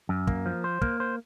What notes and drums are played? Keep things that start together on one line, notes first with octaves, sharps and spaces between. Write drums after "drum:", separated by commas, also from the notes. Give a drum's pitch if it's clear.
F#2
A#3, drum: kick
F3
C5
A#3, drum: kick
C5